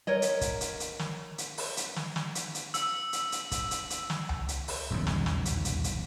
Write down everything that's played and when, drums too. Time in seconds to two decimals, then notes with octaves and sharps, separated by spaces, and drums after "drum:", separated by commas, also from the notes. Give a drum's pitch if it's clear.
0.07 A#4 C#5 D#5
0.22 drum: hi-hat
0.41 drum: kick, hi-hat
0.61 drum: hi-hat
0.80 drum: hi-hat
0.99 drum: snare
1.38 drum: hi-hat
1.58 drum: open hi-hat
1.77 drum: hi-hat
1.96 drum: snare
2.16 drum: snare
2.35 drum: hi-hat
2.55 drum: hi-hat
2.74 E6, drum: hi-hat
3.13 drum: hi-hat
3.32 drum: hi-hat
3.52 drum: kick, hi-hat
3.71 drum: hi-hat
3.90 drum: hi-hat
4.10 drum: snare
4.29 drum: tom C#2
4.48 drum: hi-hat
4.68 drum: open hi-hat
4.90 D#1 B1 E2 C#3
5.07 drum: snare
5.26 drum: snare
5.45 drum: hi-hat
5.65 drum: hi-hat
5.84 drum: hi-hat